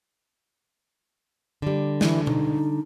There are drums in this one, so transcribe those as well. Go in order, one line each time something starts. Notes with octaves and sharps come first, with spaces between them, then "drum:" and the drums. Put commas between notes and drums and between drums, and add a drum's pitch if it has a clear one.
D3 G3
E3, drum: snare
D#4, drum: tom B2